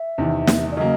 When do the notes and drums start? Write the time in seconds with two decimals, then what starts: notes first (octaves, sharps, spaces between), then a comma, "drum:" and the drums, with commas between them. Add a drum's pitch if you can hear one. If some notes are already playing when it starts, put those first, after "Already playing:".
Already playing: E5
0.18 E2 C3 D#3
0.47 drum: snare
0.71 D5
0.77 C#3 F#3 A#3 D#5